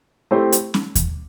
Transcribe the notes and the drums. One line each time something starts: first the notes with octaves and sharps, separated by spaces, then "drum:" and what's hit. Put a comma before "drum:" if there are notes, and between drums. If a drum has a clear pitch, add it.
A3 C4 E4 G4 C5
drum: hi-hat
drum: snare C#4
drum: kick D#2, hi-hat